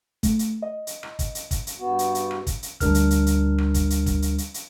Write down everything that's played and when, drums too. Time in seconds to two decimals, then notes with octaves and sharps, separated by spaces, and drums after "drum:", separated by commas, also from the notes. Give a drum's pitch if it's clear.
0.23 A3, drum: kick, hi-hat
0.39 drum: hi-hat
0.62 D#5
0.87 drum: hi-hat
1.03 drum: rim click
1.19 drum: kick, hi-hat
1.35 drum: hi-hat
1.51 drum: kick, hi-hat
1.67 drum: hi-hat
1.77 G2 B3 F#4
1.99 drum: hi-hat
2.15 drum: hi-hat
2.31 drum: rim click
2.47 drum: kick, hi-hat
2.63 drum: hi-hat
2.80 D2 G3 D4 A#4 F6, drum: kick, hi-hat
2.95 drum: hi-hat
3.10 drum: hi-hat
3.26 drum: hi-hat
3.58 drum: rim click
3.74 drum: kick, hi-hat
3.90 drum: hi-hat
4.06 drum: kick, hi-hat
4.22 drum: hi-hat
4.38 drum: hi-hat
4.54 drum: hi-hat